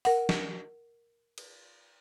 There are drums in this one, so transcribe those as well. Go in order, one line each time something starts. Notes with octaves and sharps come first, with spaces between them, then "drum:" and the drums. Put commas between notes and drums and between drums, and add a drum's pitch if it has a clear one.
A#4 F#5, drum: open hi-hat
drum: snare
drum: cymbal